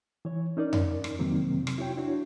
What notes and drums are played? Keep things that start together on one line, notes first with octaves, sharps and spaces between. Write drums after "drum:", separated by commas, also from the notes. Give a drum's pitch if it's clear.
E3 C#5
C#4 D#4 A#4 D5
drum: tom F2
drum: rim click
F2 C3 D#3 F#3 A#3 C4
drum: rim click
E4 F#4 C#5 G5
D4 E4 F#4 C#5